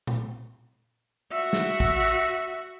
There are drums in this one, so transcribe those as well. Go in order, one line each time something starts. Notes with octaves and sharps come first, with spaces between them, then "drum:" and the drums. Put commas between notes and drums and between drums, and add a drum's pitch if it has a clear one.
drum: tom A#2
F#4 E5
drum: snare
drum: kick